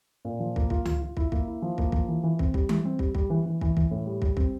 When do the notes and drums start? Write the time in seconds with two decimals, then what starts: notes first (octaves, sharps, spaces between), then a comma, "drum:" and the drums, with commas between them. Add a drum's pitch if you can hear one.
0.25 A#2
0.40 F3
0.56 A#3, drum: kick
0.70 F4, drum: kick
0.85 F4, drum: tom C#2
1.02 F4
1.17 E4, drum: kick
1.32 A#3, drum: kick
1.48 E4
1.62 F3
1.78 A#3, drum: kick
1.92 F3, drum: kick
2.08 E3
2.23 E3
2.39 C4, drum: kick
2.54 G3, drum: kick
2.69 E3, drum: tom G3
2.85 C4
2.99 G3, drum: kick
3.15 G3, drum: kick
3.30 E3
3.46 E3
3.61 E3, drum: kick
3.77 E3, drum: kick
3.91 A2
4.06 G3
4.22 G3, drum: kick
4.37 C4, drum: kick